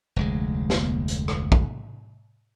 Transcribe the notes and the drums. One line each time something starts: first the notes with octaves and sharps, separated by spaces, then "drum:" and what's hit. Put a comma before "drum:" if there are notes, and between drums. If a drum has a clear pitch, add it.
F1 D2 G#3
drum: snare
drum: hi-hat
drum: rim click
drum: kick